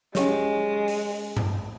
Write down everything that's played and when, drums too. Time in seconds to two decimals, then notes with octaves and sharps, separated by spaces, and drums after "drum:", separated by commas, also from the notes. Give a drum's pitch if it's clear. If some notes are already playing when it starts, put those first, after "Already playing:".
0.15 G#3 C#4 G4 C#5, drum: snare
0.88 drum: open hi-hat
1.37 drum: tom G2